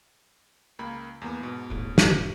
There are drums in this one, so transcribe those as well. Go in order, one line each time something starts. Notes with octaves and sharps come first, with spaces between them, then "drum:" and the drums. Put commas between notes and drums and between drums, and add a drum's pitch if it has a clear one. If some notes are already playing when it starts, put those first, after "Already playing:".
C#2 A#3 B5
E2 A#3 B3
G#2 B2
D#1 G#1 A2
drum: snare